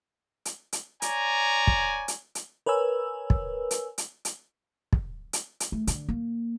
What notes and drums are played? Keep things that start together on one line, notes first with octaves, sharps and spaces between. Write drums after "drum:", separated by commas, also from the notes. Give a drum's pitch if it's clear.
drum: hi-hat
drum: hi-hat
C#5 D5 G#5 A#5, drum: hi-hat
drum: kick
drum: hi-hat
drum: hi-hat
A#4 B4 C#5 G#5 E6
drum: kick
drum: hi-hat
drum: hi-hat
drum: hi-hat
drum: kick
drum: hi-hat
drum: hi-hat
A3
D3, drum: hi-hat
A#3